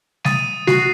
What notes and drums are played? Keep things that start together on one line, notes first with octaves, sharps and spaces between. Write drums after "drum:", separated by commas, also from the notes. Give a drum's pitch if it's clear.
D#6 A6 D#7, drum: snare G3
F#4 C7, drum: snare G3